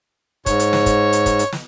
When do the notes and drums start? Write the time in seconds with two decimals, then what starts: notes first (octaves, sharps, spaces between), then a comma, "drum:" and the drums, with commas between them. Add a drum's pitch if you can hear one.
0.46 G#2 C#5, drum: kick, hi-hat
0.60 drum: hi-hat
0.73 drum: snare
0.86 drum: kick, hi-hat
1.13 drum: hi-hat
1.26 drum: kick, hi-hat
1.39 drum: hi-hat
1.52 drum: snare